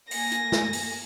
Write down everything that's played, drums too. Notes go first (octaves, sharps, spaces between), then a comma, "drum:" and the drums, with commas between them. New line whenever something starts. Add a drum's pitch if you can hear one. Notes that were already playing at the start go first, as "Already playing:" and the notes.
A#3 G#5 A#6, drum: open hi-hat
drum: hi-hat
drum: snare
drum: open hi-hat